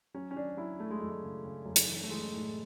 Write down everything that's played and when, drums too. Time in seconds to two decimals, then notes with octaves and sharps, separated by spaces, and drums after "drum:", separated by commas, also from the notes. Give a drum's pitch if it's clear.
0.14 F#3 C#4
0.31 C#4
0.36 F#3 D4
0.57 F#3 E4
0.80 F#3 A3
0.91 G#3
1.01 F#2 A3
1.10 G#3
1.23 C#3
1.44 C#3
1.66 F#2
1.76 drum: hi-hat
1.89 E3
2.03 A3
2.10 E3 G#3
2.32 A2